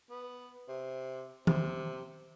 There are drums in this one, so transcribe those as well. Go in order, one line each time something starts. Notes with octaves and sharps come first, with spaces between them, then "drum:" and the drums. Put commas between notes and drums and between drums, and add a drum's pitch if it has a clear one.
B3
C3
C3, drum: tom D#3